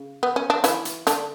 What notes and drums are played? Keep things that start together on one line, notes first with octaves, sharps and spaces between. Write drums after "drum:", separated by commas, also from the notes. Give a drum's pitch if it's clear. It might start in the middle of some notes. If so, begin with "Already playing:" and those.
Already playing: C#3
B3
C#4
D4
E3 E4, drum: hi-hat
drum: hi-hat
D3 D4, drum: hi-hat